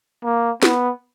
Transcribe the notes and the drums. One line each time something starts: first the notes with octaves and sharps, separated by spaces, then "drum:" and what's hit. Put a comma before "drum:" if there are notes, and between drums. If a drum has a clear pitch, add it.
A#3
B3, drum: snare